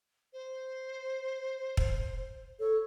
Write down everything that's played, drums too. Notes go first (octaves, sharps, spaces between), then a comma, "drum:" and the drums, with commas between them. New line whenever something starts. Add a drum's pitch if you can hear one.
C5
drum: kick
A4 C#5